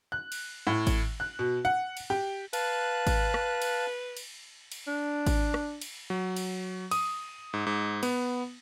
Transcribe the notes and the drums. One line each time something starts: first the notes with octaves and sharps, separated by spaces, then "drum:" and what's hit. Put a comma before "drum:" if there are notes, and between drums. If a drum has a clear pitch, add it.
F#6
drum: cymbal
A2
drum: kick G#1, cymbal
F#6
B2
F#5
drum: cymbal
G4
B4 F5 A5 F#6, drum: cymbal
drum: kick G#1, cymbal
drum: rim click
drum: cymbal
drum: cymbal
drum: cymbal
D4
drum: kick G#1, cymbal
drum: rim click
drum: cymbal
F#3
drum: cymbal
D#6, drum: cymbal
G#2
G#2
B3, drum: cymbal